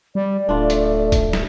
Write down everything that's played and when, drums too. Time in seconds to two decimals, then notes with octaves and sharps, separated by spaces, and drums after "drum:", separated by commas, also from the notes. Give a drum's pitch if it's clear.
0.15 G3 D5
0.49 D1 A3 D4 F4
0.70 drum: hi-hat
1.12 drum: kick, hi-hat
1.33 drum: snare